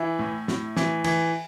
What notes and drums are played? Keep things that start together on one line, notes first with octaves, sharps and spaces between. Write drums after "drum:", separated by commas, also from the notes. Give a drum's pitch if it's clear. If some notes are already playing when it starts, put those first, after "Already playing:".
Already playing: E3 E4
A2
A2, drum: snare
E3, drum: snare
E3, drum: cymbal